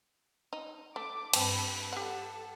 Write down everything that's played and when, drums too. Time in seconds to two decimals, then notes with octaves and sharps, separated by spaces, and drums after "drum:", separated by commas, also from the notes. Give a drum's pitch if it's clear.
0.53 D#4
0.96 A3 D6
1.33 G2 C4 B4 A5 B5, drum: cymbal
1.93 G4 A4 F#5